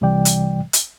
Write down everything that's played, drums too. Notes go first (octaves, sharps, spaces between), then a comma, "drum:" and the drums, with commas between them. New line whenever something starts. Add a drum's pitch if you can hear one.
C2 C3 E3 G3 D5 G5
drum: hi-hat
drum: hi-hat